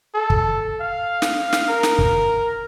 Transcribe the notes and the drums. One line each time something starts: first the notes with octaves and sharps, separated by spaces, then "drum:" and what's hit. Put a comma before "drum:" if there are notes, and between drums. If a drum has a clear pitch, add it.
A4
drum: kick
F5
drum: snare
drum: snare
A#4
drum: snare
drum: kick